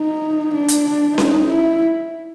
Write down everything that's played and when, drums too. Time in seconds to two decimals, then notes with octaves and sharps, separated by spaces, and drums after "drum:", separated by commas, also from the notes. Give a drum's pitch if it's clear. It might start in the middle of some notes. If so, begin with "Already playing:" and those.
Already playing: D#4
0.55 D4
0.68 drum: hi-hat
1.18 D#4, drum: snare C#4
1.49 E4